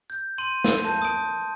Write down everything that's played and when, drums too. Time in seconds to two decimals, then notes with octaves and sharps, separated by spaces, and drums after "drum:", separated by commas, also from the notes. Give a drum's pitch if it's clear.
0.10 G6
0.38 C6 D#7
0.64 drum: snare
0.85 A5 G6
1.02 D#6 D7